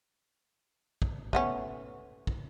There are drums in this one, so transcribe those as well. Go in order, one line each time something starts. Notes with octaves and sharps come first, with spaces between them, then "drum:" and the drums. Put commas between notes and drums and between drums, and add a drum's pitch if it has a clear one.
drum: kick
A3 B3 C#4, drum: kick
drum: kick